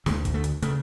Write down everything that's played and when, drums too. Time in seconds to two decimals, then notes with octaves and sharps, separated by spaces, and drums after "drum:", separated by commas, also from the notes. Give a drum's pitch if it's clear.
0.06 D2 D3 G#3, drum: snare
0.25 drum: kick, hi-hat
0.34 A3
0.44 drum: hi-hat
0.62 C#3 A3, drum: hi-hat